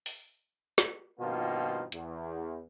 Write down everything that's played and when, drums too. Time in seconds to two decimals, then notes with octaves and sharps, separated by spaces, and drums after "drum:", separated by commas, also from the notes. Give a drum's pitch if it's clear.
0.06 drum: open hi-hat
0.78 drum: snare
1.20 G2 B2 D#3 F3 A#3 F4
1.92 E2, drum: hi-hat